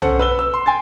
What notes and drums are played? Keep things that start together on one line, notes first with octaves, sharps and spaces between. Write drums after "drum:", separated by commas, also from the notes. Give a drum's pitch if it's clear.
C#4 A4 C5 F#5, drum: tom
B4 E6 G7
E6
C6
G5 G#5 C6 A6